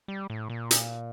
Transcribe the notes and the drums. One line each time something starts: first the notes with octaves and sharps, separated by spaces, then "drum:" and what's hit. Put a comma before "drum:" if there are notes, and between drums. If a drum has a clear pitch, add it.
G3
A2
A#2
drum: hi-hat